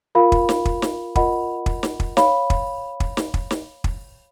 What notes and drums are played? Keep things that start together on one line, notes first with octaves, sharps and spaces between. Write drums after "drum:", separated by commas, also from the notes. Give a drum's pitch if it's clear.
F4 A#4 F5 B5
drum: kick
drum: snare
drum: kick
drum: snare
F4 A#4 D#5 F#5 B5, drum: kick
drum: kick
drum: snare
drum: kick
C#5 F5 B5, drum: snare
drum: kick
drum: kick
drum: snare
drum: kick
drum: snare
drum: kick